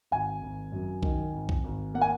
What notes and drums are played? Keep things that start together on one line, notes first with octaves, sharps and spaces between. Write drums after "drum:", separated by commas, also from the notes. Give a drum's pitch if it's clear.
G#1 G#5
G#1
F#2
D#3, drum: kick B1
G#1
drum: kick B1
G#1
A#3 F#5
G#5